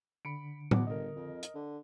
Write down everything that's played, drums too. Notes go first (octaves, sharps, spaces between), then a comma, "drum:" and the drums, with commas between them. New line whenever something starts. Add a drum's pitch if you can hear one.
D3 B5 C#7 D7
E2 B2 F#5 D6, drum: tom A2
G1 A#4 D#5
F2
drum: hi-hat
D3